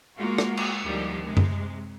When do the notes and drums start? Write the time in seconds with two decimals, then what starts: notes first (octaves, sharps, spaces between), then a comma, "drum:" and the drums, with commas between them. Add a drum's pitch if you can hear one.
0.16 G#3 A#3 F4 F#4
0.38 drum: rim click
0.57 drum: cymbal
0.84 D2 D#3 F3 G3 A#3 G4
1.24 C3 G#3
1.37 drum: tom F#2